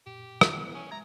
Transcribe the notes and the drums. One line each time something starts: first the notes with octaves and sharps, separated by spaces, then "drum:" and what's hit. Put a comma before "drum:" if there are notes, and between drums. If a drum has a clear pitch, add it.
F#2 A#2 G4
D#3 E4 F4, drum: rim click
F3 B3 E4
C#4
G#3 E5 A#5 G#6